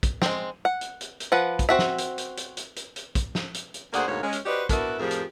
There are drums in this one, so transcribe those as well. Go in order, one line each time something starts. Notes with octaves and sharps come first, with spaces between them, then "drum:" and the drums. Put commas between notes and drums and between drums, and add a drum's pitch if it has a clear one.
drum: kick, hi-hat
G#3 C4, drum: snare
F#5
drum: hi-hat
drum: hi-hat
drum: hi-hat
F3 B4 F#5
drum: kick, hi-hat
C4 F#4 E5
drum: snare
drum: hi-hat
drum: hi-hat
drum: hi-hat
drum: hi-hat
drum: hi-hat
drum: hi-hat
drum: kick, hi-hat
drum: snare
drum: hi-hat
drum: hi-hat
D2 A#3 G#4 C5 D5 F#5, drum: hi-hat
D2 G#2 B2 A#3 F#4 C#5
G#3 C#4
drum: hi-hat
F#4 G4 B4 C5 D5 D#5
B3 D4 E4 F#4 A#4 B4, drum: kick, hi-hat
F2 A2 F3 G4 G#4 A#4
drum: hi-hat